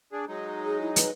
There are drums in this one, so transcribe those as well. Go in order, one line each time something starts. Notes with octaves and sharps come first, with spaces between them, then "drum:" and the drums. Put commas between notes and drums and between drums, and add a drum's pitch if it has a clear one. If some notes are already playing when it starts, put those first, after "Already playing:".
D4 G#4
F#3 G#3 D#4
G#4
E4
B4, drum: hi-hat